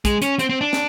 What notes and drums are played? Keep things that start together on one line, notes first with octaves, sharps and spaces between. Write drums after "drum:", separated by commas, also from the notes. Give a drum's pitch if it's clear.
G#3, drum: kick, hi-hat
C#4, drum: hi-hat
C4, drum: hi-hat
C4
D4
drum: snare